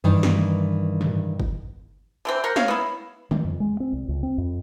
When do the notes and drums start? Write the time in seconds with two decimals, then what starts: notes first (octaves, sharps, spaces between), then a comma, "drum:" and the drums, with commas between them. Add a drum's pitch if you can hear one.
0.04 G2 D#3 E3
0.23 drum: snare
1.01 drum: tom
1.40 drum: kick
2.25 D3 E3 C4
2.44 A#4 C5 F#5
2.56 C#5 F5, drum: snare
2.68 B3 E4
3.31 D#3, drum: tom
3.44 F2
3.60 G#3
3.80 C4
3.93 C2
4.08 C#2
4.23 C4
4.38 F2